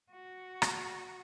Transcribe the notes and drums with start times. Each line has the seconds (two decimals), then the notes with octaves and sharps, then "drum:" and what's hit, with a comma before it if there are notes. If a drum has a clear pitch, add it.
0.12 F#4
0.62 drum: rim click